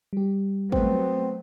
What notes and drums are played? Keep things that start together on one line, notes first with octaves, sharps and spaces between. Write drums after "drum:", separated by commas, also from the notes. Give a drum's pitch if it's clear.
G3 G4
F#3 A3 B3 C4, drum: kick